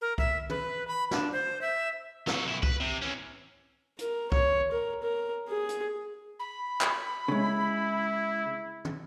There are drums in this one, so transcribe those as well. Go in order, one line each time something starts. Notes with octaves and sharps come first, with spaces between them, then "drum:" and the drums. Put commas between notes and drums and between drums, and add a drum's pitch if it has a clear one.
A#4
E5, drum: kick
B4, drum: tom
B5
D4, drum: snare
C5
E5
F#3 A4, drum: snare
B1 E4
B4, drum: kick
C3
E3 C#4
A#4, drum: hi-hat
C#5, drum: kick
A#4
A#4
G#4
drum: hi-hat
B5
drum: clap
C#3 G#3 E4
drum: tom